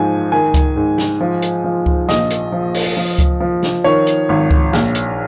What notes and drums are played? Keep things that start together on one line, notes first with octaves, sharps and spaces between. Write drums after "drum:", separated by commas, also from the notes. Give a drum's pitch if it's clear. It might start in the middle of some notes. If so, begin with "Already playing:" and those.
Already playing: G#2 F3 G#5
D#3 G#5
drum: kick C#2, hi-hat
G#2
drum: snare
F3
drum: hi-hat
F3
drum: kick C#2
A#1 D#5, drum: snare
drum: hi-hat
F3
drum: open hi-hat
F3
drum: kick C#2, hi-hat
F3
drum: snare
D#3 C#5
drum: hi-hat
G#1
drum: kick C#2
A#1, drum: snare
drum: hi-hat